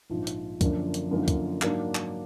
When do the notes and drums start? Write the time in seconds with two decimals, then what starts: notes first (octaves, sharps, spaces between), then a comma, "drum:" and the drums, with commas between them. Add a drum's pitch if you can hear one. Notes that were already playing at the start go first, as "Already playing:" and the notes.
0.10 A#1 G#2 F3
0.27 drum: hi-hat
0.61 F#2 D3 F3 A#3 D4, drum: kick, hi-hat
0.94 drum: hi-hat
1.11 F#2 D3 F3 A#3 D#4
1.28 drum: kick, hi-hat
1.62 G#2 F#3 A#3 D4, drum: clap
1.95 drum: clap